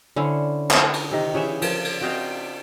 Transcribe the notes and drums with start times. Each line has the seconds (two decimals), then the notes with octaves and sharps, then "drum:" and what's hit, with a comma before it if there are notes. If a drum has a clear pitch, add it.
0.16 D3 C#4 E4 C5
0.71 drum: clap
0.93 drum: cymbal
1.11 C3 D#3
1.34 C#3 E3 G4 G#4 C#5 E5
1.62 F3, drum: cymbal
1.85 drum: cymbal
2.02 C4 F#4 D#5 F5 G5 A#5